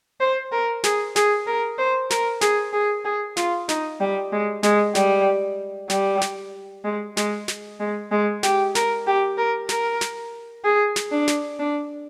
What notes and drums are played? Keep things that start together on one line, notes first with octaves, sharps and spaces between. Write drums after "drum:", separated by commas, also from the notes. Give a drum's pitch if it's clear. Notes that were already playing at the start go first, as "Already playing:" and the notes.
C5
A#4
G#4, drum: snare
G#4, drum: snare
A#4
C5
A#4, drum: snare
G#4, drum: snare
G#4
G#4
F4, drum: snare
D#4, drum: snare
G3
G#3
G#3, drum: snare
G3, drum: snare
G3, drum: snare
drum: snare
G#3
G#3, drum: snare
drum: snare
G#3
G#3
G4, drum: snare
A#4, drum: snare
G4
A#4
A#4, drum: snare
drum: snare
G#4
drum: snare
D4
drum: snare
D4